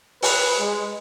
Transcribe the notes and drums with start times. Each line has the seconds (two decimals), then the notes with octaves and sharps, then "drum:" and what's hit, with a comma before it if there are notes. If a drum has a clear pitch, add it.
0.22 B4, drum: open hi-hat
0.59 G#3